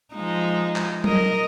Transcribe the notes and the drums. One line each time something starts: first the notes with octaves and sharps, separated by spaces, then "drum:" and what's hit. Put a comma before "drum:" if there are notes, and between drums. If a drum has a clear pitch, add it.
F3 G#3 D#4
drum: clap
A#4 D#5, drum: tom F#3